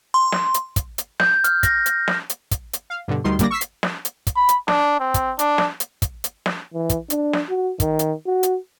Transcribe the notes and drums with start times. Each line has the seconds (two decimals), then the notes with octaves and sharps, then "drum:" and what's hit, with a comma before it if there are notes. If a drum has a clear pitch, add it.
0.14 C6
0.32 drum: snare
0.54 drum: hi-hat
0.76 drum: kick, hi-hat
0.98 drum: hi-hat
1.20 G6, drum: snare
1.44 F6, drum: hi-hat
1.63 A#6, drum: kick, hi-hat
1.86 drum: hi-hat
2.08 drum: snare
2.30 drum: hi-hat
2.51 drum: kick, hi-hat
2.73 drum: hi-hat
2.90 F5
3.08 G2 B2 D3
3.24 D2 D#3 G3 C6
3.39 D3 G3 A#3 D4 D5 A#6, drum: kick, hi-hat
3.51 C#6 E6 B6 C7
3.61 drum: hi-hat
3.83 drum: snare
4.05 drum: hi-hat
4.27 drum: kick, hi-hat
4.36 B5
4.49 drum: hi-hat
4.68 D4, drum: snare
5.00 C4
5.14 drum: kick, hi-hat
5.39 D4, drum: hi-hat
5.58 drum: snare
5.80 drum: hi-hat
6.02 drum: kick, hi-hat
6.24 drum: hi-hat
6.46 drum: snare
6.74 E3
6.90 drum: kick, hi-hat
7.10 D4, drum: hi-hat
7.33 drum: snare
7.49 F#4
7.80 D#3, drum: kick, hi-hat
7.99 drum: hi-hat
8.26 F#4
8.43 drum: hi-hat